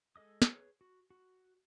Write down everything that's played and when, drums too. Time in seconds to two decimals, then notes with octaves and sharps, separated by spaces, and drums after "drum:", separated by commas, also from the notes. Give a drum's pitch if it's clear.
0.16 G#3 A4 D#5 D#6
0.42 G#4 B4 C#5, drum: snare
0.81 F#4
1.10 F#4